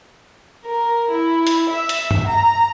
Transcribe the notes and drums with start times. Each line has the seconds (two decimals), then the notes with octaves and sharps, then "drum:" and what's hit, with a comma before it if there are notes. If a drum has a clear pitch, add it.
0.65 A#4
1.11 E4
1.47 drum: hi-hat
1.68 E5
1.89 drum: hi-hat
2.11 drum: tom G2
2.27 A#5